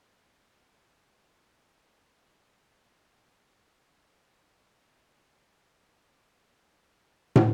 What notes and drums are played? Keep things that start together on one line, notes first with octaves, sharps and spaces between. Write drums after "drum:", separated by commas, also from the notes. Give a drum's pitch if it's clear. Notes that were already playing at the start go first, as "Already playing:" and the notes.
F4 A6
A#3
C#5
B5
drum: tom